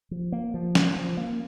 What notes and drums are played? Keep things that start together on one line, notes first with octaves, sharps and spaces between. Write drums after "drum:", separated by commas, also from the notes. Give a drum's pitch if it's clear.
F3
A#3
F3
C#4, drum: snare
F3
A#3